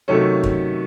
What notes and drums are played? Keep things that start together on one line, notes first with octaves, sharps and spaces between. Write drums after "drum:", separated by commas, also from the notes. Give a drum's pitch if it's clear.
C3 D#3 F#3 A3 C#4 A4
drum: kick